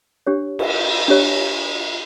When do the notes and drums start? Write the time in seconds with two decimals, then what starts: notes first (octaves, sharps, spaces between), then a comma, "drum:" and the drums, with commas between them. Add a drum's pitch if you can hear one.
0.27 D4 G4 C#5
0.59 drum: cymbal
1.08 D4 G4 C#5